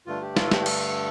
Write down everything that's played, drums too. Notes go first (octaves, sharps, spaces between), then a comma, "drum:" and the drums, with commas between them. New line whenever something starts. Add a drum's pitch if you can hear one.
G2 D3 A3 D4 F4
G4
F4, drum: snare
A4
G4, drum: snare
G4
A4, drum: cymbal